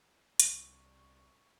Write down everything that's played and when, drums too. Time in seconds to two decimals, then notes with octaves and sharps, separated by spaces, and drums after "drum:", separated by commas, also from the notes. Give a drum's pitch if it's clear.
0.40 C2 C#6, drum: hi-hat